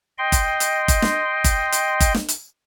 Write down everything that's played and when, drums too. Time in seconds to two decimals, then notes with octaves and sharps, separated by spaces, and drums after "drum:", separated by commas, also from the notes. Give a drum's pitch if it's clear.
0.18 D#5 G5 C6
0.32 drum: kick G1, hi-hat
0.60 drum: hi-hat
0.88 drum: kick G1, hi-hat
1.02 drum: snare
1.44 drum: kick G1, hi-hat
1.72 drum: hi-hat
2.00 drum: kick G1, hi-hat
2.14 drum: snare
2.29 drum: hi-hat